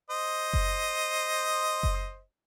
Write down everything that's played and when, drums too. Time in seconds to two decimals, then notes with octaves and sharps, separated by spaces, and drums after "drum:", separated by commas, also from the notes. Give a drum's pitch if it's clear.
0.10 C5 D#5
0.53 drum: kick F#1
1.83 drum: kick F#1